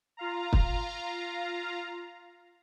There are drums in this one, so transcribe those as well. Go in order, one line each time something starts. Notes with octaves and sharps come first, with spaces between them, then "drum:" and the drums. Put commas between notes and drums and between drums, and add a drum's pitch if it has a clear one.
F4 F5 A#5
drum: kick